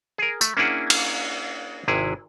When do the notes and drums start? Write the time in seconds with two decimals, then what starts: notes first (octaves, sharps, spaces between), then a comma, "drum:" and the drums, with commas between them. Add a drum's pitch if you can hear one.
0.18 G#4 A#4
0.41 A3, drum: tambourine
0.57 A#3 C#4 D4 E4 G#4 F#5
0.90 drum: cymbal
1.88 G#1 C3 E4 G#4